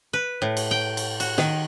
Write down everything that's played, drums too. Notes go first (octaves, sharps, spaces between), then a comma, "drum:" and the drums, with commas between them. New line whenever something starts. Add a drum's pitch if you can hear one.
B4
A2
drum: cymbal
G5
drum: cymbal
F#4, drum: cymbal
D#3, drum: snare